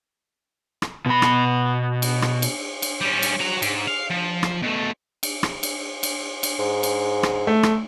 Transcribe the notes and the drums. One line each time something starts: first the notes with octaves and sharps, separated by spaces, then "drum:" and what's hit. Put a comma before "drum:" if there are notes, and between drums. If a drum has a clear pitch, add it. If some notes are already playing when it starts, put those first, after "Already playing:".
drum: rim click
B2 B5
drum: rim click
drum: cymbal
drum: rim click
drum: cymbal
drum: cymbal
G3 C#4
drum: cymbal
F#4 A#5
G#2, drum: cymbal
F5
F3
drum: rim click
B2 A3
drum: cymbal
drum: rim click
drum: cymbal
drum: cymbal
drum: cymbal
G#2
drum: cymbal
drum: rim click
A3
drum: rim click